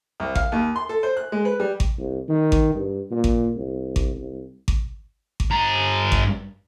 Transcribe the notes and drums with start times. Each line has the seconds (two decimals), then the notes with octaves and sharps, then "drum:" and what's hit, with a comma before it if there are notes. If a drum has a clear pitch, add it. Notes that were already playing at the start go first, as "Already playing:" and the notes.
0.20 C2
0.35 F5, drum: kick G#1
0.52 D#2
0.76 C6
0.89 A4
1.03 C5
1.17 F#6
1.32 G#3
1.45 B4
1.60 G3
1.80 drum: kick G#1
1.98 C2
2.29 D#3
2.52 drum: kick G#1
2.75 G2
3.11 A#2
3.24 drum: kick G#1
3.55 C2
3.96 drum: kick G#1
4.15 C2
4.68 drum: kick G#1
5.40 drum: kick G#1
5.52 G2 A#5
6.12 drum: kick G#1